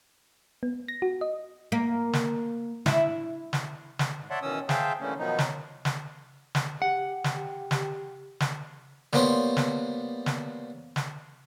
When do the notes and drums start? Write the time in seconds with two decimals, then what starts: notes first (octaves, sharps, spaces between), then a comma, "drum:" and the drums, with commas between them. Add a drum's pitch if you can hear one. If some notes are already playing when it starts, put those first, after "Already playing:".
0.63 B3
0.88 A#6
1.02 F#4
1.21 D#5
1.72 A#3
2.13 drum: snare
2.86 E4, drum: snare
3.53 drum: snare
3.99 drum: snare
4.19 G#2
4.30 C#5 D5 E5 F#5 A5 C6
4.42 B2 D#3 E3 C#4 D#6 E6
4.69 G#4 C5 E5 F5 G5 A5, drum: snare
5.01 D3 E3 G3 A3 A#3 C#4
5.18 B2 D#3 F3 F#3 B3 D#4
5.39 drum: snare
5.85 drum: snare
6.55 drum: snare
6.82 G4 F#5
7.24 drum: snare
7.71 drum: snare
8.40 drum: snare
9.13 G3 A#3 B3 C5 C#5, drum: snare
9.57 drum: snare
10.26 drum: snare
10.96 drum: snare